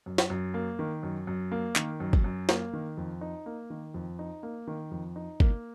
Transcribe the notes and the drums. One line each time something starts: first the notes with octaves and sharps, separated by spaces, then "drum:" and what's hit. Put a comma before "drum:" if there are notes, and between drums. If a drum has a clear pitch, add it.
F#2
drum: snare
F#2
A#3
D#3
F#2
F#2
A#3
D#3, drum: clap
F#2
drum: kick
F#2
A#3, drum: snare
D#3
F2
D#4
A#3
D#3
F2
D#4
A#3
D#3
F2
D#4
A#3, drum: kick